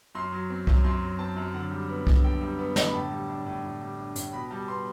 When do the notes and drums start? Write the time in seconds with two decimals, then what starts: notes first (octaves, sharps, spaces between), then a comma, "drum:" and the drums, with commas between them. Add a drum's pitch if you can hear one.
0.15 F#2 C6
0.32 F#3
0.50 C4
0.67 F#2, drum: kick C2
0.84 F#2 C6
1.02 F#3
1.19 C4 A5
1.36 F#2
1.54 D3 F#5
1.71 G3
1.89 B3
2.07 D3, drum: kick C2
2.24 D3 G5
2.41 G3
2.59 B3
2.76 D3, drum: snare
2.88 B5
2.93 A2 A5
3.11 G3
3.29 D4
3.46 A2
3.63 A2
3.81 G3
3.98 D4
4.16 A2, drum: hi-hat
4.33 B2 B5
4.51 G3 A5
4.68 B3 C6